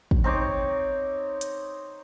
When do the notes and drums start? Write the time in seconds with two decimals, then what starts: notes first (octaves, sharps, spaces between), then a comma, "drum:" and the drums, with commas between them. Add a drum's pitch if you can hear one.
0.11 drum: kick
0.24 C4 D#4 C#5 D6
1.41 drum: hi-hat